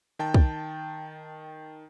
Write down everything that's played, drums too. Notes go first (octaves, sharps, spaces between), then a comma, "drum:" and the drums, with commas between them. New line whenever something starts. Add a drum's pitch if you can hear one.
D#3 G5 A5 G6
drum: kick